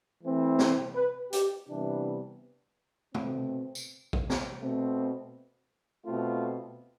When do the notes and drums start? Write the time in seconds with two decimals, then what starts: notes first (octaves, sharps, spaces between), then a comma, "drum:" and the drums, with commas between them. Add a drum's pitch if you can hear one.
0.23 E3 A3 C4
0.59 drum: snare
0.95 B4
1.33 G4, drum: hi-hat
1.69 C3 E3 G3 B3 D4
3.15 B2 A3 C4, drum: tom
3.75 drum: tambourine
4.13 drum: kick A#1
4.30 drum: snare
4.60 B2 A3 C4
6.05 B2 A3 C4 F4